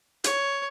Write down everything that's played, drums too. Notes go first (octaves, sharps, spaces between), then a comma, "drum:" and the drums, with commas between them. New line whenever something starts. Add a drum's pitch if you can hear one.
C#5, drum: hi-hat